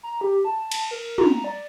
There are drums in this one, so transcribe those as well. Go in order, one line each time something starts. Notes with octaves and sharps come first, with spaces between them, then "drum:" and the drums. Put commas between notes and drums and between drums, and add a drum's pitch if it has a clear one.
A#5
G4
A5
drum: cymbal
A#4
A#5, drum: tom
D5